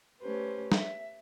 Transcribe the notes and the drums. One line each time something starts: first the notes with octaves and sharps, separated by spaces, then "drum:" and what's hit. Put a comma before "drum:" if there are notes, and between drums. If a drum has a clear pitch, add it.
A3 C#4 G4 B4 C5
E5, drum: snare